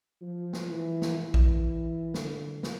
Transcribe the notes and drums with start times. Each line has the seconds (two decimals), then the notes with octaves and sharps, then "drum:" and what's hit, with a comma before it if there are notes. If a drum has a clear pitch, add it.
0.22 F3
0.53 drum: snare
0.69 E3
1.02 drum: snare
1.19 E3
1.34 drum: kick A#1
2.14 D3, drum: snare
2.63 drum: snare